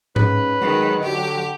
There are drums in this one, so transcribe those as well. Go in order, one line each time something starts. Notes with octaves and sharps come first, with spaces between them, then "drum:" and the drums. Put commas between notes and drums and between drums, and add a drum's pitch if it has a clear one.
G#2 G#3 C#4 B4, drum: tom G#2
D#3 F#3 G#3
D3 F#4 G4